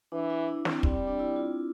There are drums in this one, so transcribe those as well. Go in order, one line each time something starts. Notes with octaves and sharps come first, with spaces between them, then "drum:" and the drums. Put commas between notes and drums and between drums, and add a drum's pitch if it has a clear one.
E3 D4
E4
D4
C4, drum: snare
G3 C4, drum: kick
C4
D4
E4
F4